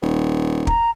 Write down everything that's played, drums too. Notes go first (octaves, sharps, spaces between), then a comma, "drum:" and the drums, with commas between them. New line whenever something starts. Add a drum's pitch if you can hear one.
D#1
A#5, drum: kick